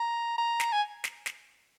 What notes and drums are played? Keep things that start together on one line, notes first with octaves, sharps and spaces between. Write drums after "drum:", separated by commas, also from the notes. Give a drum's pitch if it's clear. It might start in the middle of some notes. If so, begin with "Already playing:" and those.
Already playing: A#5
A#5
drum: snare
G#5
drum: snare
drum: snare